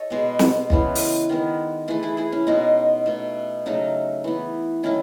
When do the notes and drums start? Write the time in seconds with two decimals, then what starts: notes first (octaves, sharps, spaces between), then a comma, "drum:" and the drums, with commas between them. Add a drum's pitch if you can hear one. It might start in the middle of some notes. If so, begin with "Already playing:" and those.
Already playing: A4 C#5 D#5
0.10 B2 G#3 B3
0.39 drum: snare
0.70 C#3 E3 G#3 B3, drum: kick
0.95 drum: open hi-hat
1.29 D#3 G#3 B3
1.88 E3 A3 G#4 B4
2.03 E4 G#4
2.17 E4 G#4
2.32 C#4 E4
2.47 B2 G#3 B3 D#4 F#4
3.06 B2 A3
3.66 C#3 F#3 A3 D#4
4.24 E3 B3
4.83 D#3 F#3 A3 C#4 E4